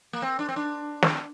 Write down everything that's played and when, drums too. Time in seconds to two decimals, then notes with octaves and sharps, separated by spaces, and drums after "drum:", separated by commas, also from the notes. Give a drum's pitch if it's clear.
0.13 A#3
0.22 C4
0.39 D4
0.49 C4
0.56 D4
1.02 drum: snare